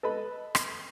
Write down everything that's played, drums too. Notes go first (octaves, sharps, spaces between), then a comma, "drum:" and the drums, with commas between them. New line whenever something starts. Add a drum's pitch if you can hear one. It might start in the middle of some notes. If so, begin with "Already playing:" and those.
A4 B4 D#5 B5
drum: rim click